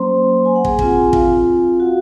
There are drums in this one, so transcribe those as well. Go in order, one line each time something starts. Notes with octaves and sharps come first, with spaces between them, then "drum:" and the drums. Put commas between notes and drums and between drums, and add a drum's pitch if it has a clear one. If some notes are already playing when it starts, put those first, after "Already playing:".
Already playing: F#3 A#3 C#4 C5 C6
G#5
F#5
G#4 G#5, drum: kick
C4 F4 G#4 G#5, drum: kick
F4 F5, drum: kick
F#4 F#5